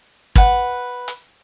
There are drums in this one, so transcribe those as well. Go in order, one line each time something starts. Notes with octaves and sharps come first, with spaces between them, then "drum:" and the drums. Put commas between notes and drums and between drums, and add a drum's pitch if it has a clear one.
B4 F#5, drum: kick
drum: hi-hat